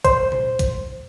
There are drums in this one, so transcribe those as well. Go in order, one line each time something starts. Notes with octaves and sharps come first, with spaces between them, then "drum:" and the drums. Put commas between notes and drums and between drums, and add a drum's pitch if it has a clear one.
C5, drum: kick B1, hi-hat
drum: tom A#2
drum: kick B1, hi-hat